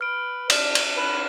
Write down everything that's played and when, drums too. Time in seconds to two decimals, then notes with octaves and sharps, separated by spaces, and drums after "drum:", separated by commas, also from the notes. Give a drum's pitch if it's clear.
0.01 B4 F6 D7
0.50 D5 F6 E7, drum: cymbal
0.75 drum: cymbal
0.97 B4